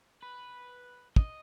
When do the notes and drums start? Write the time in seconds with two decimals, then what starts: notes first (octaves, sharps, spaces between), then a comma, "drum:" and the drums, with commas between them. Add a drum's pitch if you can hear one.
0.22 B4
1.16 D#5, drum: kick